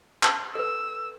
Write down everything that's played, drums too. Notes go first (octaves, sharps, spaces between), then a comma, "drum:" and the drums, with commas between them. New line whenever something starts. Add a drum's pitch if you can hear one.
A5, drum: clap
A4 B4 E6